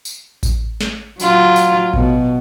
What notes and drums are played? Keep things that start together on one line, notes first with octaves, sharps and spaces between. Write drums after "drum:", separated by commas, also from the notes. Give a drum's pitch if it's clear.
drum: tambourine
drum: kick A1, tambourine
drum: snare
F#3 F4, drum: tambourine
drum: tambourine
B2, drum: kick A1